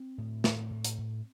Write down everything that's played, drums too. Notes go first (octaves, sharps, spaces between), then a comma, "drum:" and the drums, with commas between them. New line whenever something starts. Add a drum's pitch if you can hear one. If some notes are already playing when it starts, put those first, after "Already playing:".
Already playing: C4
A2
A2, drum: snare
A2
drum: hi-hat
A2